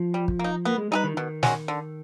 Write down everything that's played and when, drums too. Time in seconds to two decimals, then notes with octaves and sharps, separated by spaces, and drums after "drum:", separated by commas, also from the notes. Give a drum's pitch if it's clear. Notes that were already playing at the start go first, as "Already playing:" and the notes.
Already playing: F3
0.14 G3
0.28 drum: kick
0.39 A#3 D#4
0.65 A#3 B3
0.78 G#3
0.91 G3 D#4 G#4 B4
1.04 D#3
1.17 B2 D#3
1.43 G#3 C#4 F#4, drum: snare
1.68 D3